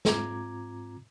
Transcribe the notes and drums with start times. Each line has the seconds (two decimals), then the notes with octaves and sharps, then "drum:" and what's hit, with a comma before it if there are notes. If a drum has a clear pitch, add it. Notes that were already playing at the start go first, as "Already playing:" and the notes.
0.05 G#2 C4 F4 A#5 D6 G#6, drum: snare